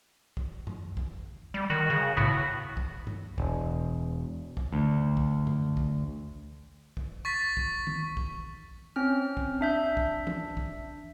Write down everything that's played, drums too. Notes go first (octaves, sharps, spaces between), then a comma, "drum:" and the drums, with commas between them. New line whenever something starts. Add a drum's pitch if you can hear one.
drum: kick
drum: tom F#2
drum: kick
G3
D#3 F#4
C#3
A2 B3 F#4, drum: kick
drum: kick
drum: tom
E1, drum: kick
drum: kick
D2
drum: kick
drum: tom F#2
drum: kick
drum: kick
C#6 A6 B6
drum: kick
drum: tom
drum: kick
C4 C#4 F6
drum: kick
D4 E5 G6
drum: kick
drum: tom
drum: kick